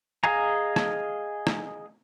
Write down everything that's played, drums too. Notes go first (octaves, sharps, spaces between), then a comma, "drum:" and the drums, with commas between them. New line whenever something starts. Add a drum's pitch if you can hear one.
G#4 D#5 F5 G#5 A#5
drum: rim click
drum: rim click